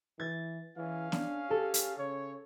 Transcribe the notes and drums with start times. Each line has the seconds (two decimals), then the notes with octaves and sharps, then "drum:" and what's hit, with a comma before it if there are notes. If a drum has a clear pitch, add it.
0.20 E3 G#6 A6
0.77 E3 C#4 G#4 F5
1.12 D4, drum: snare B3
1.50 G4 A4
1.74 drum: hi-hat
1.98 C#3 C#5